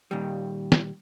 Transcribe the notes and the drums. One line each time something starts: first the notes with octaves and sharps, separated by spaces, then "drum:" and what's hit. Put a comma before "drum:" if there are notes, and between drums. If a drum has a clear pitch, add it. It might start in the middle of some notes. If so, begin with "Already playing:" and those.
A#2 D#3 G3
drum: snare